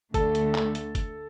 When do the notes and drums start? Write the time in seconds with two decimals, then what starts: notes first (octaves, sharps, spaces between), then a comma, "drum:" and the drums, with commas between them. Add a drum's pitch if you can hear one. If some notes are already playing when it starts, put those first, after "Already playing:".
0.14 D2 D3 A3 A4 A5, drum: kick F#1, hi-hat
0.35 drum: hi-hat
0.55 drum: clap
0.75 drum: hi-hat
0.95 drum: kick F#1, hi-hat